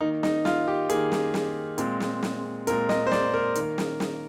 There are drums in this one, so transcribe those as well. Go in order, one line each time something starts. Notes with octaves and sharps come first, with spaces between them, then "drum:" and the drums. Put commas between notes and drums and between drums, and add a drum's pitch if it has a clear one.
D#3 A#3 D#4
D#4, drum: snare
F4, drum: snare
G4
D#3 A#3 G#4, drum: hi-hat
drum: snare
drum: snare
A#2 G#3 C4, drum: hi-hat
drum: snare
drum: snare
A#2 G#3 C4 A#4, drum: hi-hat
D#5, drum: snare
C5
D5, drum: snare
A#4
D#3 A#3, drum: hi-hat
drum: snare
drum: snare